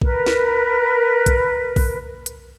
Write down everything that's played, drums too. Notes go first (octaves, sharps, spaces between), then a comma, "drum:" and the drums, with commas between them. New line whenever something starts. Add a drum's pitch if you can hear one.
A#4 B4, drum: kick A#1
drum: snare
drum: kick A#1, hi-hat
drum: kick A#1, open hi-hat
drum: hi-hat